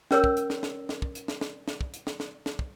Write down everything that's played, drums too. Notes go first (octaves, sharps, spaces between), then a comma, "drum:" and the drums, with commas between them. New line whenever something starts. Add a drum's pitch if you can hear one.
C#4 A#4 C#5 E6, drum: snare
drum: kick
drum: hi-hat
drum: snare
drum: snare
drum: snare
drum: kick
drum: hi-hat
drum: snare
drum: snare
drum: snare
drum: kick
drum: hi-hat
drum: snare
drum: snare
drum: snare
drum: kick